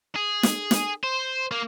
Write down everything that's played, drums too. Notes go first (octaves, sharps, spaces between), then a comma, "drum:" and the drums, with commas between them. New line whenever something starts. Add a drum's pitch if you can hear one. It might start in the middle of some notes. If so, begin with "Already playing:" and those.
G#4
drum: snare
drum: snare
C5
A#3